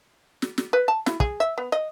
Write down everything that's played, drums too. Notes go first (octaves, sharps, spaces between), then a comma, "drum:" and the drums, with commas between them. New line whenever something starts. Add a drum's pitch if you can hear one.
drum: snare
drum: snare
B4
A5
E4, drum: snare
G#4, drum: kick
E5
B3
D#5